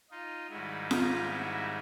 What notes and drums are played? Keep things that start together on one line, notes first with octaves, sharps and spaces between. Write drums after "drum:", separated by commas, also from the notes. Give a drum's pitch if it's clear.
D#4 F4
G#2 D#3 G3 E4 F#4
D#4 F4, drum: snare F4
E4 F#4